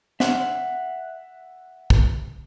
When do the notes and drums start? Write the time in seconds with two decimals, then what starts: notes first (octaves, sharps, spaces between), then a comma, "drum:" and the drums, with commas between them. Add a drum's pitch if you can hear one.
0.20 E5 F#5, drum: snare
1.90 drum: kick